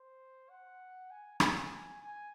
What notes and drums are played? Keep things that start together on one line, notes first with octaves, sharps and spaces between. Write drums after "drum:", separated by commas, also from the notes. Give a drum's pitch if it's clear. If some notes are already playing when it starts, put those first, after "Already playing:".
Already playing: C5
F#5
G#5
G#5, drum: rim click
G#5
G#5